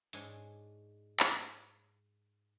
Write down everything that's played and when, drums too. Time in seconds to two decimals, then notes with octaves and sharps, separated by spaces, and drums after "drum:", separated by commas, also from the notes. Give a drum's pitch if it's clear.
0.13 G#2 D4 C#5 G#5 C6, drum: hi-hat
1.20 drum: clap